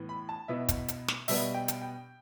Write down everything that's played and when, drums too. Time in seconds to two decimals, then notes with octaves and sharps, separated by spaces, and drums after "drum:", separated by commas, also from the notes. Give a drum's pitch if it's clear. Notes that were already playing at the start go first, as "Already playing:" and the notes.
Already playing: A2 E3 B3
0.09 B5
0.29 A5
0.48 B2 B3 E4 E5
0.68 drum: kick, hi-hat
0.88 drum: hi-hat
1.08 drum: snare
1.28 B2 G3 B3 E5, drum: open hi-hat
1.54 G5
1.68 drum: hi-hat
1.81 G5